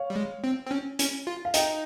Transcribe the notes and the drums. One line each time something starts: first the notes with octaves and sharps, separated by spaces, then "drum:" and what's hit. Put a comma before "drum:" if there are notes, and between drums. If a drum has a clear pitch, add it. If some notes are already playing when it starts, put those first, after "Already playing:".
Already playing: C#5 F5
G3
G#3
C4
C4
C#4
C#4, drum: hi-hat
F4
F5
D#4 D#5 G5, drum: hi-hat